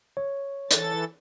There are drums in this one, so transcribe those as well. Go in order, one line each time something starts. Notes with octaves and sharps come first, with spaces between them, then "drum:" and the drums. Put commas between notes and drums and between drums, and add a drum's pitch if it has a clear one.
C#5
E3 A4 A6, drum: hi-hat